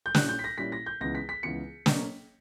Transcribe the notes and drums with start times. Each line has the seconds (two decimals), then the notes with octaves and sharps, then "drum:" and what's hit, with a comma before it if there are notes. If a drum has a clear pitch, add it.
0.06 G6
0.15 A#2 G3 C#4 E4 F#6, drum: snare
0.29 G6
0.39 B6
0.44 A#6
0.58 A#2 G3 C#4 E4 B6
0.72 A#6
0.86 G6
1.01 C#2 C#3 E3 B3 A#6
1.15 B6
1.29 B6
1.43 C#2 C#3 E3 B3 C#7
1.86 B2 F#3 A#3 C#4, drum: snare